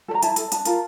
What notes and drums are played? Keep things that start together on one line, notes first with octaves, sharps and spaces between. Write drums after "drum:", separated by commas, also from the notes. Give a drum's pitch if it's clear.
A4
A#5
E4 A5, drum: hi-hat
A4, drum: hi-hat
D4 A5, drum: hi-hat
F4 A#4, drum: hi-hat